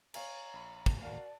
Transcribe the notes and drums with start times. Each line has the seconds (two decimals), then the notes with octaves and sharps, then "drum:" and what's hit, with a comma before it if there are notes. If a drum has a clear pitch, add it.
0.14 C#5 F5 G#5 A#5, drum: cymbal
0.53 A#1 B5
0.86 drum: kick
1.02 F#4 A#4 D5 F5 A5